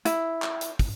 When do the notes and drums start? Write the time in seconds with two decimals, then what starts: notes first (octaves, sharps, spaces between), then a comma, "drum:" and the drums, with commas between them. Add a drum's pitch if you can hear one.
0.05 E4, drum: hi-hat
0.42 drum: clap
0.61 drum: hi-hat
0.79 drum: kick, open hi-hat